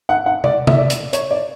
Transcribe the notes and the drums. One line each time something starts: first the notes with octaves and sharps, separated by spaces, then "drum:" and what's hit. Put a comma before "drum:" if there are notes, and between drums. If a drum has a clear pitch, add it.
F#5
F#5
D5, drum: tom
E5, drum: tom
D5
drum: hi-hat
C#5, drum: hi-hat
D5